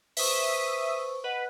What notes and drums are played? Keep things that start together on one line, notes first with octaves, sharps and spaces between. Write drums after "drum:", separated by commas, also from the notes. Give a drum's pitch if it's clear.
B4 C5 E5 C#6 D#6, drum: open hi-hat
B4 D#5 F#5